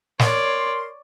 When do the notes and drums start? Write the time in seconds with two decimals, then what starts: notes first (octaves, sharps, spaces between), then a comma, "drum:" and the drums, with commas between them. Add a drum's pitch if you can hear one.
0.19 A#4 C#5 D5 C6, drum: snare